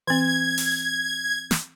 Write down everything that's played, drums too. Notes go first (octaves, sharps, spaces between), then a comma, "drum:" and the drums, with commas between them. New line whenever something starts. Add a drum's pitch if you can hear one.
E3 C4 G#6
drum: open hi-hat
drum: snare